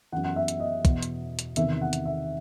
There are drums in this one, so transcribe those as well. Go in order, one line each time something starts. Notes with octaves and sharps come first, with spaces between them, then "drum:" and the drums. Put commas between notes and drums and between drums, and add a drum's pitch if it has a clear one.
F#2 E3 F#5
F#5
E5
drum: hi-hat
D#5
E2 B2, drum: kick, hi-hat
drum: hi-hat
drum: hi-hat
E2 C3 D#3 E5, drum: hi-hat
F#5
drum: hi-hat
E5